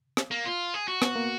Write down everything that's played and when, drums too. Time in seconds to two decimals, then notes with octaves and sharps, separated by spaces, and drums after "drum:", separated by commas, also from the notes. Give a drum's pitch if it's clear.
0.17 drum: rim click
0.31 A#3
0.45 F4
0.74 G#4
0.88 F#4
1.02 B3, drum: rim click
1.16 A#3